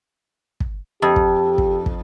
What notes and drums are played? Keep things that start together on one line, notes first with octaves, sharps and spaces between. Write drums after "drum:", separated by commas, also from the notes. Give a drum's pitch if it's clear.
drum: kick
F2 G4
drum: kick
drum: kick
drum: kick